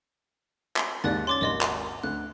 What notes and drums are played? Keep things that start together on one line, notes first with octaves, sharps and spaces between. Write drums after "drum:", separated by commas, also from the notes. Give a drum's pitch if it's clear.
drum: clap
D#2 G#2 D5 F#6 A6
C#4 C6 D6 A6
G#1 D#2 D5 D#5 C6
drum: clap
D2 F#6